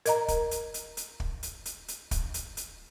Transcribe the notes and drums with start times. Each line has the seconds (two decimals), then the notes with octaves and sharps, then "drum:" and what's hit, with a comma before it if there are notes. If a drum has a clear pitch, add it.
0.06 A#4 D#5 A#5, drum: hi-hat
0.28 drum: kick, hi-hat
0.51 drum: hi-hat
0.74 drum: hi-hat
0.97 drum: hi-hat
1.20 drum: kick
1.43 drum: hi-hat
1.65 drum: hi-hat
1.88 drum: hi-hat
2.11 drum: kick, hi-hat
2.34 drum: hi-hat
2.57 drum: hi-hat